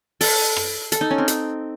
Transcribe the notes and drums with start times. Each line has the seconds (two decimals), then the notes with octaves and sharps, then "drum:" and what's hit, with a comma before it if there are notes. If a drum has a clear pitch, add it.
0.21 A4, drum: open hi-hat
0.56 drum: rim click
0.92 A4, drum: hi-hat
1.01 D#4
1.11 C#4
1.18 C4
1.28 drum: hi-hat